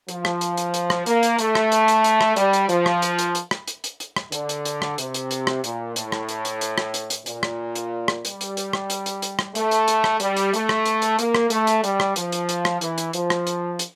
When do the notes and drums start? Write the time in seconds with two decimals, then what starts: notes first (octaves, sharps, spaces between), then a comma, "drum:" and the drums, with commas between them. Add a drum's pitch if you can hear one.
0.09 F3, drum: hi-hat
0.25 drum: rim click
0.41 drum: hi-hat
0.57 drum: hi-hat
0.74 drum: hi-hat
0.90 drum: rim click
1.06 A#3, drum: hi-hat
1.23 drum: hi-hat
1.39 A3, drum: hi-hat
1.55 drum: rim click
1.72 drum: hi-hat
1.88 drum: hi-hat
2.04 drum: hi-hat
2.21 drum: rim click
2.36 G3, drum: hi-hat
2.53 drum: hi-hat
2.69 F3, drum: hi-hat
2.86 drum: rim click
3.02 drum: hi-hat
3.19 drum: hi-hat
3.35 drum: hi-hat
3.51 drum: rim click
3.68 drum: hi-hat
3.84 drum: hi-hat
4.00 drum: hi-hat
4.16 drum: rim click
4.32 D3, drum: hi-hat
4.49 drum: hi-hat
4.65 drum: hi-hat
4.82 drum: rim click
4.98 C3, drum: hi-hat
5.14 drum: hi-hat
5.31 drum: hi-hat
5.47 drum: rim click
5.64 A#2, drum: hi-hat
5.96 A2, drum: hi-hat
6.12 drum: rim click
6.29 drum: hi-hat
6.45 drum: hi-hat
6.61 drum: hi-hat
6.78 drum: rim click
6.94 drum: hi-hat
7.10 drum: hi-hat
7.26 A#2, drum: hi-hat
7.43 drum: rim click
7.76 drum: hi-hat
8.08 drum: rim click
8.25 G3, drum: hi-hat
8.41 drum: hi-hat
8.57 drum: hi-hat
8.73 drum: rim click
8.90 drum: hi-hat
9.06 drum: hi-hat
9.22 drum: hi-hat
9.39 drum: rim click
9.55 A3, drum: hi-hat
9.71 drum: hi-hat
9.88 drum: hi-hat
10.04 drum: rim click
10.20 G3, drum: hi-hat
10.37 drum: hi-hat
10.54 A3, drum: hi-hat
10.69 drum: rim click
10.86 drum: hi-hat
11.02 drum: hi-hat
11.19 A#3, drum: hi-hat
11.35 drum: rim click
11.50 A3, drum: hi-hat
11.67 drum: hi-hat
11.84 G3, drum: hi-hat
12.00 drum: rim click
12.16 F3, drum: hi-hat
12.32 drum: hi-hat
12.49 drum: hi-hat
12.65 drum: rim click
12.81 E3, drum: hi-hat
12.98 drum: hi-hat
13.13 F3, drum: hi-hat
13.30 drum: rim click
13.47 drum: hi-hat
13.79 drum: hi-hat